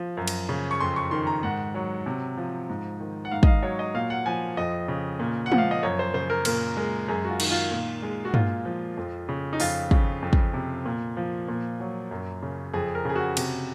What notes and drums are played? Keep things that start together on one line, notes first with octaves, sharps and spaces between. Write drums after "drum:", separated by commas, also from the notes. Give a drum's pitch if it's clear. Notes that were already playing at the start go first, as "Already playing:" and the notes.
Already playing: F3
F#2
drum: cymbal
C#3
C#6
F2 C6
C#6
D#3 C6
A#5
G#2 F#5
F#3
C3
F3
G#2
D#3
F#5
G#2 F5
D#5, drum: kick
F5
F#3 C#5
D#5
A#2 F5
F#5
F3 G#5
F2 D#5
C#3
A#2
F#5
F3, drum: tom G#3
F5
D#5
F#2 C#5
C5
C#3 C5
A#4
A#2 A#4, drum: cymbal
G#3 A#4
F#2 G#4
F#4
F4
D#3, drum: cymbal
F4
A#2
G#3
F#4
A#2 F4, drum: tom G2
F3
F2
C#3
D#4
F2 F4, drum: open hi-hat
C#3, drum: kick
F2
drum: kick
C3
A#2
F3
A#2
F#3
F#2
C#3
F2 G#4
A#4
C#3 G#4
F#4
C3, drum: cymbal